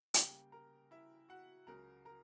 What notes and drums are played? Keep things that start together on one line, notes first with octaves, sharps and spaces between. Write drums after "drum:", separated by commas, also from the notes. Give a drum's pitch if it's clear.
C#3 G3 A#3 G4 G5, drum: hi-hat
A#4 A#5
E4 E5
F#4 F#5
C#2 C#3 F#3 A#4 A#5
A#4 A#5